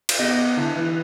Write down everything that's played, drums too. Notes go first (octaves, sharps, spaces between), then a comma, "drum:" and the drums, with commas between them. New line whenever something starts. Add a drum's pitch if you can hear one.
drum: cymbal
B3 D#4 G4 D#5
D3 E4
E3 B4